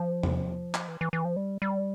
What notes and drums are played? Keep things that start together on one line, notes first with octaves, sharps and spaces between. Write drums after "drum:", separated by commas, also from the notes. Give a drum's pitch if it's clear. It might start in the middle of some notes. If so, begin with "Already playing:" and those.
Already playing: F3
drum: tom E2
drum: clap
E3
E3
E3
F3
G3
G3